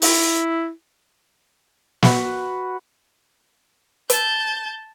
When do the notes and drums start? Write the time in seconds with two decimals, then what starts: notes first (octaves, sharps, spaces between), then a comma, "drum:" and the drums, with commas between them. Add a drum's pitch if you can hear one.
0.02 E4, drum: open hi-hat
2.03 F#4 B4 F#5, drum: snare
4.10 A5 G6, drum: hi-hat